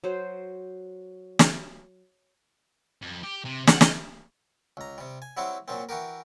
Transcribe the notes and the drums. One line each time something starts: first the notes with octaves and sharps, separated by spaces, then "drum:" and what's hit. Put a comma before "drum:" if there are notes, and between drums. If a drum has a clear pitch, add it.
F#3 C5
drum: snare
F2
G4
C3
F#5, drum: snare
D#5, drum: snare
C#2 A#5
C3 G3
G#5
F#3 G3 C4 E4 F#4 G4
A#2 F#3 A#3 C4
E3 F#4 G4 A#4